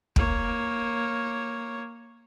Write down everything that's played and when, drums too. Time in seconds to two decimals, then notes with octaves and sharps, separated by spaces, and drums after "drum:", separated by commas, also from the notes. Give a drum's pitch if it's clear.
0.16 A#3 C#5, drum: kick